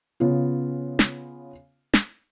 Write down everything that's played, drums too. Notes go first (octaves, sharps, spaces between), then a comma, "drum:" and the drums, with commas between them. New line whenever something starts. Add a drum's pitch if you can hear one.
C#3 B3 F4
drum: snare
drum: snare